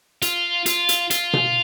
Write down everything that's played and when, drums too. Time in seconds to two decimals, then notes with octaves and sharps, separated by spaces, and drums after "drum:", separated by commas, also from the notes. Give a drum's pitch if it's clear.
0.22 F4, drum: hi-hat
0.66 F4, drum: hi-hat
0.89 drum: hi-hat
1.11 F4, drum: hi-hat
1.33 drum: tom B2